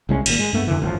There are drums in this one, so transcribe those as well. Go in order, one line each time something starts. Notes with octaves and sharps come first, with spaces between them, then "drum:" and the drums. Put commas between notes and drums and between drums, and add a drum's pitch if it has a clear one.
C2 G#3 C4 C#4
G#1 A#2, drum: cymbal
G#3
G2 A3 B3
F2 D3 E3
G#1 F#2 B2 F3